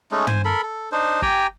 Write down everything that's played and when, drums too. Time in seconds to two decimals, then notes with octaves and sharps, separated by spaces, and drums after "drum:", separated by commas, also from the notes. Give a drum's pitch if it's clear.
0.11 G#3 A3 C#4 D#4
0.27 C5 G#5, drum: tom
0.45 A4 A#4 B5
0.63 A4
0.92 D4 D#4 C5
1.22 G4 G5 G#5 A#5, drum: kick